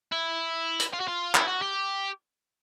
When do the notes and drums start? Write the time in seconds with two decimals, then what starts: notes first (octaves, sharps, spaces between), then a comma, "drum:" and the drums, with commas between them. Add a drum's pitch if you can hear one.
0.12 E4
0.80 drum: hi-hat
0.93 F4
1.00 F#4
1.08 F4
1.35 E4, drum: clap
1.47 F#4
1.62 G4